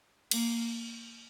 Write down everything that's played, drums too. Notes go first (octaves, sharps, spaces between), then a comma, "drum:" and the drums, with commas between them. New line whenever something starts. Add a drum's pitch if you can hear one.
A#3, drum: cymbal